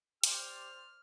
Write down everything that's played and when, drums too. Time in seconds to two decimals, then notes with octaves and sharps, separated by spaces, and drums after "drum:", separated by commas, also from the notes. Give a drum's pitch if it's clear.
0.24 G4 C5 D5 F6, drum: hi-hat